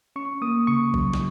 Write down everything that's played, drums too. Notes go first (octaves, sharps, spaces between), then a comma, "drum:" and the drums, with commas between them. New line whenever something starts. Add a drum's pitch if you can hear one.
C#4 C#6
A#3 D#6
C#3 C#6
F#3, drum: kick
drum: snare